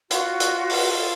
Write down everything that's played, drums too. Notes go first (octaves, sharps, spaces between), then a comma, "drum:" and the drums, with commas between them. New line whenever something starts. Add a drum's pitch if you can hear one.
F4 F#4, drum: hi-hat
drum: hi-hat
drum: open hi-hat
A4